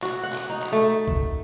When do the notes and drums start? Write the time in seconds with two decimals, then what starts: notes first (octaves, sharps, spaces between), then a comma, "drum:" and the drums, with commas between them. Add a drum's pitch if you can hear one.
0.02 F#4, drum: clap
0.23 F#5
0.32 drum: clap
0.49 D#4
0.62 drum: clap
0.72 A3
1.08 drum: kick